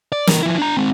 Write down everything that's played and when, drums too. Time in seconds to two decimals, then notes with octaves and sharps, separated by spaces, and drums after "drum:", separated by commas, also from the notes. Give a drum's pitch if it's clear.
0.12 D5
0.27 E3 A#4, drum: snare
0.43 F3 E4
0.58 D4 A#5
0.77 G#3 C4